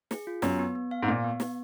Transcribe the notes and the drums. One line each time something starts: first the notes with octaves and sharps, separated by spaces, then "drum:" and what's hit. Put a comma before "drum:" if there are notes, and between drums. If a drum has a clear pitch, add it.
G#4, drum: snare
F4
F#2 B3, drum: snare
B3
B3
F5
G#2
A#2 F5
B3
B3, drum: snare